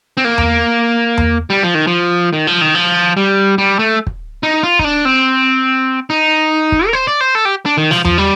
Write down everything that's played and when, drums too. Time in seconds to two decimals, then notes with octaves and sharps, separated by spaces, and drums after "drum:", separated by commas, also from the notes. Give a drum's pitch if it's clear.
0.17 C4
0.25 A#3
0.38 drum: tom E2
1.17 drum: tom E2
1.50 G3
1.63 F3
1.75 D#3
1.87 F3
2.33 D#3
2.47 F3
2.61 D#3
2.75 F3
3.17 G3
3.58 G3
3.79 A3
4.07 drum: kick
4.43 D#4
4.63 F4
4.79 D#4, drum: kick
4.84 D4
5.05 C4
6.10 D#4
6.72 drum: kick
6.87 A#4
6.93 C5
7.07 D5
7.21 C5
7.35 A4
7.45 G4
7.66 D4
7.77 D#3
7.91 F3, drum: snare
8.05 F3, drum: tom E2
8.18 G3